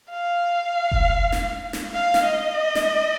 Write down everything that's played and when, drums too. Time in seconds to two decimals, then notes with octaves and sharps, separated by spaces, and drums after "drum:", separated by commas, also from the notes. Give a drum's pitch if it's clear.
0.10 F5
0.91 drum: kick F1
1.32 drum: snare
1.73 drum: snare
1.94 F5
2.14 drum: snare
2.24 D#5
2.75 drum: snare